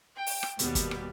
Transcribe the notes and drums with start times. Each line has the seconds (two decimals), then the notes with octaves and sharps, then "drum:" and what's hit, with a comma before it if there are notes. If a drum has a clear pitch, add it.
0.16 G5
0.27 drum: open hi-hat
0.43 drum: rim click
0.59 D#2 B2 G3 A#3 B3, drum: hi-hat
0.75 drum: kick, hi-hat
0.91 drum: rim click